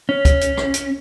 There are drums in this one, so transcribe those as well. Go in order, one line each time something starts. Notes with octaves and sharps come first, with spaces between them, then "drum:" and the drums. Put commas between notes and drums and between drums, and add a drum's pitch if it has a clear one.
C#4
drum: kick, hi-hat
drum: hi-hat
drum: rim click
drum: hi-hat